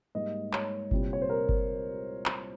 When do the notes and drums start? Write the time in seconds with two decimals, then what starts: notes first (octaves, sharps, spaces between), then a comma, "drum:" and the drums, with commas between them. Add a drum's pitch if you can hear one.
0.15 G#2 G3 A#3 D#5
0.53 C#5, drum: clap
0.91 C2 A#2 G3 C4, drum: kick G1
1.13 C#5
1.22 C5
1.29 A#4
1.49 drum: kick G1
2.26 drum: clap